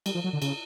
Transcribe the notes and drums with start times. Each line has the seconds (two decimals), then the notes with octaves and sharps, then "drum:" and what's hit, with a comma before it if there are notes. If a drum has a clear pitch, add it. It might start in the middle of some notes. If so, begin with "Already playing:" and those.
0.06 G3, drum: cymbal
0.15 F3
0.24 F#3
0.33 D3
0.42 C#3, drum: cymbal